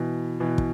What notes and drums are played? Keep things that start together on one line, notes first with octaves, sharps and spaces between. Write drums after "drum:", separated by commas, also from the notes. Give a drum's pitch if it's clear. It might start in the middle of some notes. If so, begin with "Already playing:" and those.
Already playing: B2 E3
B2 E3
drum: kick